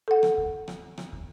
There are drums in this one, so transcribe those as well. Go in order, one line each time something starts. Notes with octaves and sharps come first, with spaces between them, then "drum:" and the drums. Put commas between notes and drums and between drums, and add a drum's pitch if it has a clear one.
A4 F#5
drum: rim click
drum: kick
drum: rim click
drum: rim click
drum: kick